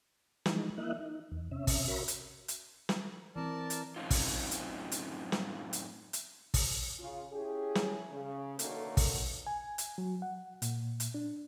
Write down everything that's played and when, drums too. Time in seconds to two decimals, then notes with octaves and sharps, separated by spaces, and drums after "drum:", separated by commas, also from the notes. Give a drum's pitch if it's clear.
0.46 E3 F3 G#3 D#4, drum: snare
0.78 A#3 E4 D#5 E5 F#6
0.99 D#4
1.32 E2
1.51 C3 C#4 E5
1.67 drum: kick, open hi-hat
1.88 F#4 A#4 C#5 E5 B5
2.08 drum: hi-hat
2.48 drum: hi-hat
2.89 drum: snare
3.36 E3 C4 A#4 D5 A5
3.70 drum: hi-hat
3.96 F#2 A2 C4 C#4 D#4 F4
4.10 drum: kick, open hi-hat
4.51 drum: hi-hat
4.92 drum: hi-hat
5.32 drum: snare
5.73 drum: hi-hat
6.13 drum: hi-hat
6.54 drum: kick, open hi-hat
7.00 C#3 F4
7.32 C#4 E4 G4 G#4
7.75 drum: snare
8.11 C#3
8.59 B2 D3 D#3 F#3 A3 A#3, drum: hi-hat
8.97 drum: kick, open hi-hat
9.47 G#5
9.78 drum: hi-hat
9.98 F#3
10.22 F#5
10.62 A#2, drum: hi-hat
11.00 drum: hi-hat
11.14 D4